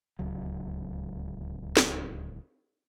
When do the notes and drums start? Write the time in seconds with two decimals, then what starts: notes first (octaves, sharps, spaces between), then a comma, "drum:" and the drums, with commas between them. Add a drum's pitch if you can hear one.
0.19 D1 C#2 F#3
1.77 drum: snare